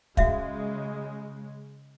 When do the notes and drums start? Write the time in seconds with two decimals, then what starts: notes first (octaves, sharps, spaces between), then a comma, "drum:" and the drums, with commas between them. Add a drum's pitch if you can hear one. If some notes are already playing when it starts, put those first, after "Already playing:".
0.17 C#3 G#3 F#4 E5 F5, drum: kick